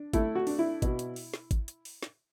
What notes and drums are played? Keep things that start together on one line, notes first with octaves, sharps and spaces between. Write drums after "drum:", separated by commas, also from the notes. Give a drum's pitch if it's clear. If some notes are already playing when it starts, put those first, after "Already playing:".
Already playing: D4
A3 E4, drum: kick G#1, hi-hat
F#4
D4, drum: open hi-hat
E4
B2, drum: kick G#1, hi-hat
drum: hi-hat
drum: open hi-hat
drum: snare
drum: kick G#1, hi-hat
drum: hi-hat
drum: open hi-hat
drum: snare